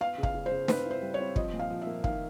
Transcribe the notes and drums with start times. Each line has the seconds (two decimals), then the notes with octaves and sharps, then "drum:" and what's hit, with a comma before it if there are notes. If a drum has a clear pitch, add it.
0.01 B3 F5
0.18 C#3
0.23 F5, drum: kick
0.35 C#3
0.46 C5
0.52 C#3
0.68 C4 B4, drum: snare
0.86 E4 C5
1.02 G3
1.14 C#5
1.19 C4
1.36 F3 D#5, drum: kick
1.53 A#2
1.60 F5
1.70 F3
1.82 E5
1.87 A#3
2.04 D#3 F5, drum: kick